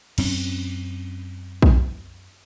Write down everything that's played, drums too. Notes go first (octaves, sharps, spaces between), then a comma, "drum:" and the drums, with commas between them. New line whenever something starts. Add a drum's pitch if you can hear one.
F#2 C4 C#4, drum: cymbal
drum: kick A#1